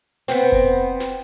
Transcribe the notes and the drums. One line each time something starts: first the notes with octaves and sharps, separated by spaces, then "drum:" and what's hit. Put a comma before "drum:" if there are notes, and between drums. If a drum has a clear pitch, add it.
B3 C4, drum: snare
drum: kick F1
drum: snare